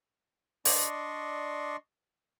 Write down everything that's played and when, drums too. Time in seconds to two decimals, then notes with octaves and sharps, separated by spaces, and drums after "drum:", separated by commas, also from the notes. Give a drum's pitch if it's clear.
0.65 D4 D5 D#5 C6 C#6, drum: open hi-hat